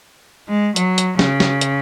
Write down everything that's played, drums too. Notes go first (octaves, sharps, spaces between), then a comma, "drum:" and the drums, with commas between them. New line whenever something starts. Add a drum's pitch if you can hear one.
G#3
F#3, drum: hi-hat
drum: hi-hat
C#3, drum: snare
drum: snare
drum: hi-hat